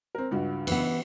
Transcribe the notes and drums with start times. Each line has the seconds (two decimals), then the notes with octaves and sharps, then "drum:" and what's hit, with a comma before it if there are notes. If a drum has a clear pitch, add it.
0.15 C4 A#4
0.31 C#2 G2 F#4
0.67 E3 B3, drum: cymbal